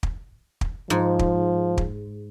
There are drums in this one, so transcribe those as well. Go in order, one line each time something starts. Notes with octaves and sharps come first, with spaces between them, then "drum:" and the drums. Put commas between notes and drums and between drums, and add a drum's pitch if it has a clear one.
drum: kick
drum: kick
G#2 F3
drum: kick
drum: kick